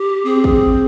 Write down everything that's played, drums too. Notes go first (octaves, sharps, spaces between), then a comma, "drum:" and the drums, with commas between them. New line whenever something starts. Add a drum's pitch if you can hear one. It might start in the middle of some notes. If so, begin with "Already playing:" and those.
Already playing: G4
C4 G#4
drum: kick